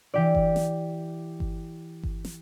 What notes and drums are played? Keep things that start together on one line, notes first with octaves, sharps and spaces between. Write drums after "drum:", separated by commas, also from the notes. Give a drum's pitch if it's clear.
E3 G4 D5
drum: kick G1
drum: snare
drum: kick G1
drum: kick G1
drum: snare